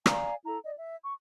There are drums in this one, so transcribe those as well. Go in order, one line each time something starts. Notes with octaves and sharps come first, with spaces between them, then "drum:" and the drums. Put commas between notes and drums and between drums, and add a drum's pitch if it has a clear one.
D5 F5 G#5 A#5, drum: rim click
E4 A4 A#5
D5 D#5
E5
C#6